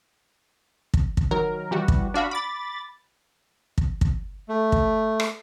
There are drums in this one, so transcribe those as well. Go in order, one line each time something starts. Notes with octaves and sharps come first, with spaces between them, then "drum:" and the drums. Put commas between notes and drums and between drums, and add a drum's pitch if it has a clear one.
drum: kick
drum: kick
D#3 F#3 A#4
E3 G3 F#4
drum: kick
D4 F#4 F5 B5
B5 D6 A6
drum: kick
drum: kick
A3
drum: kick
drum: rim click